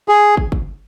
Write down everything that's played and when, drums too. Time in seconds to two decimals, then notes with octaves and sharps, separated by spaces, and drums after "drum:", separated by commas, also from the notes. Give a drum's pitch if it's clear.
0.08 G#4
0.37 drum: kick
0.52 drum: kick